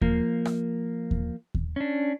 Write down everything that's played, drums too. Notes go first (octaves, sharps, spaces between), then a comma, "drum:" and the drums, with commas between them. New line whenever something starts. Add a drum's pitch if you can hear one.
F3 A#3, drum: kick D#2
drum: rim click
drum: kick D#2
drum: kick D#2
C#4 D4